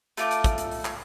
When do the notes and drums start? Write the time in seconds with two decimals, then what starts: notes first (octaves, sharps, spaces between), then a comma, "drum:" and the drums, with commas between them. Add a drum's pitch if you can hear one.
0.17 A3 F4 D6 G6, drum: hi-hat
0.31 drum: hi-hat
0.44 drum: kick, hi-hat
0.58 drum: hi-hat
0.71 drum: open hi-hat
0.85 drum: clap